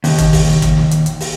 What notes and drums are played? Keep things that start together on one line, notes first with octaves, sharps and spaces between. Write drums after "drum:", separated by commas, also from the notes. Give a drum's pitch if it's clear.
D#2, drum: open hi-hat
drum: kick, hi-hat
drum: kick, open hi-hat
drum: snare
drum: kick, hi-hat
drum: snare
drum: hi-hat
drum: hi-hat
drum: open hi-hat